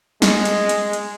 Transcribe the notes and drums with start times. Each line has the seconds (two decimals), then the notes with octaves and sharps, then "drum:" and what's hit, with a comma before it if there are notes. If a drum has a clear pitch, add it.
0.22 G#3, drum: snare
0.45 drum: hi-hat
0.69 drum: hi-hat
0.93 drum: hi-hat